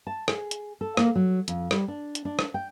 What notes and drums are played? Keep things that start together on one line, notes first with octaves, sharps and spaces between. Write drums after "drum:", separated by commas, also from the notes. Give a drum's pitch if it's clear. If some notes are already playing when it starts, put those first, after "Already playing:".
A5
G#4, drum: rim click
drum: hi-hat
A4
A#3, drum: rim click
F#3
F2, drum: hi-hat
G3, drum: rim click
D4
drum: hi-hat
D4
drum: rim click
G5